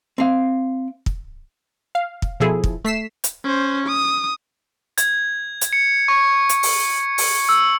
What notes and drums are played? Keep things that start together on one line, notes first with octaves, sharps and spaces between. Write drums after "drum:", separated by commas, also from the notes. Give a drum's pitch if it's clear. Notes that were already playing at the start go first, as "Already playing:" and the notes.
C4 F5
drum: kick
F5
drum: kick
B2 F3 E4 G#4 A4
drum: kick
A3 B6 C7 E7
drum: hi-hat
C#4 C5
D#6
G#6, drum: hi-hat
drum: hi-hat
C#7
C#6
drum: hi-hat
drum: open hi-hat
drum: open hi-hat
E6